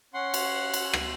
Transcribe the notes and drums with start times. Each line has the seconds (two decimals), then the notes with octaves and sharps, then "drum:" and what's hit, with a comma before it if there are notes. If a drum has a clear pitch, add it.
0.14 C#4 F#5 C6
0.34 drum: cymbal
0.74 drum: cymbal
0.93 drum: rim click